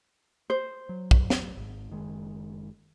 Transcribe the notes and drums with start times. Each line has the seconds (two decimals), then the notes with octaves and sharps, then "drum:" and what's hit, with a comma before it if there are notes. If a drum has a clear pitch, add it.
0.50 C5
0.89 F#3
1.11 drum: kick
1.30 drum: snare
1.56 G#1 G#2
1.90 F#1 D#3 G#3